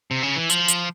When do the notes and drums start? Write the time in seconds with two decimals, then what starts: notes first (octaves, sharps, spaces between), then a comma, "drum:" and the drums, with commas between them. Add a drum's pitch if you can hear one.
0.11 C3
0.23 C#3
0.36 E3
0.50 F3, drum: hi-hat
0.68 drum: hi-hat